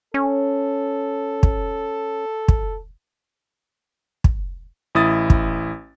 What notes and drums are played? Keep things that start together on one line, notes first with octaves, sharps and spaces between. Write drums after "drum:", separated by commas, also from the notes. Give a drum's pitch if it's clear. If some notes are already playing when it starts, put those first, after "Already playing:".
C#4 A4
drum: kick
drum: kick
drum: kick
A1 E4 D#6 A6
drum: kick